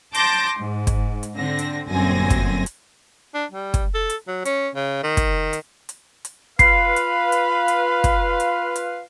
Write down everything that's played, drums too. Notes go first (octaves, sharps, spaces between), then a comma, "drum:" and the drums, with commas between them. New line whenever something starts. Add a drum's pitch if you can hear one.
A5 C6 D6 G6 A#6, drum: hi-hat
G#2
drum: kick, hi-hat
drum: hi-hat
D3 C4 A#6
drum: hi-hat
G1 F#2 A#2 C4 G#5 A#6
drum: kick, hi-hat
drum: hi-hat
D4
G3
drum: kick, hi-hat
A4
drum: hi-hat
F#3
C#4, drum: hi-hat
C#3
D#3
drum: kick, hi-hat
drum: hi-hat
drum: hi-hat
drum: hi-hat
F4 B4 F5 B5 C7, drum: kick, hi-hat
drum: hi-hat
drum: hi-hat
drum: hi-hat
drum: kick, hi-hat
drum: hi-hat
drum: hi-hat